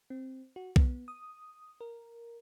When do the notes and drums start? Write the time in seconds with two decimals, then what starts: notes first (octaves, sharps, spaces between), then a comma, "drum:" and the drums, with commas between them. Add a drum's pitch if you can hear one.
0.10 C4
0.56 F#4
0.76 B3, drum: kick B1
1.08 D#6
1.81 A#4